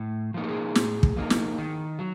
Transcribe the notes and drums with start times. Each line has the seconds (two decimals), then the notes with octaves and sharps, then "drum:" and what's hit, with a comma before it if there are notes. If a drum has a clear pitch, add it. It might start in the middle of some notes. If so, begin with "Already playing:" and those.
Already playing: A2
0.34 F3 A#3 D#4
0.44 G4
0.49 G#4
0.75 A2, drum: snare
1.03 drum: kick
1.16 F3 A#3 D#4
1.30 drum: snare
1.58 D#3
1.99 F#3